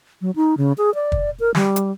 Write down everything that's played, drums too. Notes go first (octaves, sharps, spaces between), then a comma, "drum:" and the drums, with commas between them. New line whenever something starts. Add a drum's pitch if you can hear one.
F#3
D#4
C#3
G#4
D5
drum: kick
A#4
G3, drum: snare
drum: hi-hat